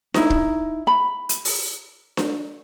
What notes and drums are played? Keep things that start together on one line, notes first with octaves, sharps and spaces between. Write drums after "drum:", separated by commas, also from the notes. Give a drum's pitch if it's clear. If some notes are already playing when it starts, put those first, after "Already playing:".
D#4 E4, drum: snare D4
drum: kick
B5
drum: hi-hat
drum: open hi-hat
drum: snare D4